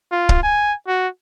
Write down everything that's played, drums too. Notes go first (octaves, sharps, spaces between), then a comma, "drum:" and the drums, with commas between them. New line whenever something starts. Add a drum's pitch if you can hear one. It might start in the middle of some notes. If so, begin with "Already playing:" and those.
F4
drum: kick
G#5
F#4